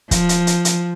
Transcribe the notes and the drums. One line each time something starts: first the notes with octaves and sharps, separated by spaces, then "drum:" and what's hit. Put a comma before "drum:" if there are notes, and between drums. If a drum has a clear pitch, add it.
F3, drum: kick, hi-hat
drum: hi-hat
drum: hi-hat
drum: hi-hat